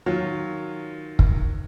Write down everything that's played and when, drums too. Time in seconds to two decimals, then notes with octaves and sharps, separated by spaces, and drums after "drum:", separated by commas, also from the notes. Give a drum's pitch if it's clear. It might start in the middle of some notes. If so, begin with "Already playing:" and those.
0.06 D#3 F#3 F4
1.19 drum: kick